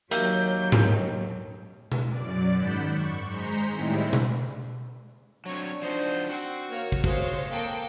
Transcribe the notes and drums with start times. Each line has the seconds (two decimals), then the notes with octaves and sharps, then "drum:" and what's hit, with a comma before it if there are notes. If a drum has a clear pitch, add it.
0.11 D#2 F#3 A#3 E5 G6, drum: hi-hat
0.72 drum: tom G#2
1.92 drum: tom B2
2.06 F#2 D5
2.55 G#2 D#3 F#5 B5 G6 E7
2.88 C#6
3.24 G#3 C5 A#5 G6 B6 C#7
3.71 A2 D#3 G3 G#3 C4 E4
4.13 drum: tom B2
5.46 F#3 C4 D4 C#5
5.82 F3 D#4 F#4 C5
6.29 C4 F#4 F#5
6.71 D#3 A#3 A#4 C#5
6.92 drum: kick
7.04 G#2 F3 G#3 A3 C5 C#5 F5, drum: kick
7.49 A#3 C4 A4 G5